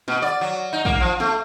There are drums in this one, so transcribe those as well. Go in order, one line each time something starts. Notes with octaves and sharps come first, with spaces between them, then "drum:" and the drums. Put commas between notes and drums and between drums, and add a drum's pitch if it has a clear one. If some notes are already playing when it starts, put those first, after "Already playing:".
B2, drum: snare
D5
F#3
D#4
A#3, drum: kick
F3
A3, drum: snare